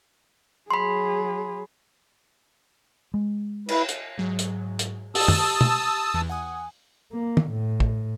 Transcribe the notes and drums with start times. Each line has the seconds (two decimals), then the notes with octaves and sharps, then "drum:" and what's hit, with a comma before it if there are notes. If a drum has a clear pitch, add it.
0.71 F#3 G#4 B5 C6
3.14 G#3
3.69 E4 B4, drum: cymbal
3.89 drum: hi-hat
4.18 G#2 F#3 G#4
4.39 drum: hi-hat
4.79 drum: hi-hat
5.15 G4 A5 D#6 E6, drum: open hi-hat
5.28 drum: tom
5.61 drum: tom
6.14 E2 E3
6.29 F#5 G#5 D#6
7.12 A#3
7.37 drum: tom
7.50 A2
7.80 drum: kick